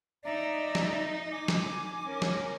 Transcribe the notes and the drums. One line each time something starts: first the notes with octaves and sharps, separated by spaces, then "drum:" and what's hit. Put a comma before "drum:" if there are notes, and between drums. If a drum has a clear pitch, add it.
D#4 D5 E5 A#5
drum: snare
G#5 D6
drum: snare
C#4 A#4
drum: snare